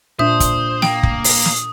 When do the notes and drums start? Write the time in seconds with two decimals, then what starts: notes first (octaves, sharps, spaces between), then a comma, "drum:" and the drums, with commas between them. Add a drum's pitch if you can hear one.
0.19 A#2 D4 C5 E5 D#6
0.40 drum: kick, hi-hat
0.82 A#3 G5, drum: snare
1.03 drum: kick
1.24 drum: open hi-hat
1.45 drum: snare